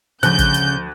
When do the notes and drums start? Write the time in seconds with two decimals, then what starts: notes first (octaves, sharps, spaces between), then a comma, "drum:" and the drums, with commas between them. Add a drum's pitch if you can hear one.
0.23 D2 C#3 F3 F#6 G6, drum: hi-hat
0.39 drum: kick, hi-hat
0.54 drum: hi-hat